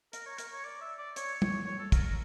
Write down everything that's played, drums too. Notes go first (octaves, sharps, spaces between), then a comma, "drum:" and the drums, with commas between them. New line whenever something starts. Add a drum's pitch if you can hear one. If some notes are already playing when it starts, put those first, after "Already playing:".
A#4, drum: hi-hat
C#5
A#4, drum: hi-hat
C#5
D5
E5
D5
C#5, drum: hi-hat
C#5, drum: tom
C#5
A4
A#4, drum: kick, hi-hat
A#4